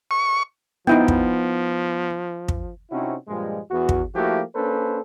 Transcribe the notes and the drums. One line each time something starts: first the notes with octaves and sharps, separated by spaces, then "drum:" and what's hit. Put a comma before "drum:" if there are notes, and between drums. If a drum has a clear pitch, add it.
C#6
F3 B3 D#4 E4 G5
drum: kick
drum: kick
C3 C4 C#4 D#4 E4 F#4
G2 A#2 F3 G3 G#3
E2 F#4
drum: kick
F3 A3 A#3 E4 F#4 G4
A#3 C#4 D4 A4 B4 C5